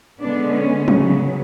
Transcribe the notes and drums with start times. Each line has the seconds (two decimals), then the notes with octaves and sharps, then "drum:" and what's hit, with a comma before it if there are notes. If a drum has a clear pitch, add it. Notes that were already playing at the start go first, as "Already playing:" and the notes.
0.21 D3 G#3 B3 D4
0.54 C#4
0.88 C#3 F#3 B3, drum: tom F3